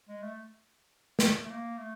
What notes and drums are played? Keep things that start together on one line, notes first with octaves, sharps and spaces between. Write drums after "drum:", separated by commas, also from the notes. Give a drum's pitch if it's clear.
G#3
A3
drum: snare
A3
A#3
A3